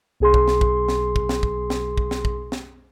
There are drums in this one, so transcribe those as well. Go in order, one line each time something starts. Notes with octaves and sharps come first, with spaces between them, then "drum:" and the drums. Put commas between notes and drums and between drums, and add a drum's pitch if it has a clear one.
B1 G#4 C6
drum: kick
drum: snare
drum: kick
drum: snare
drum: kick
drum: snare
drum: kick
drum: snare
drum: kick
drum: snare
drum: kick
drum: snare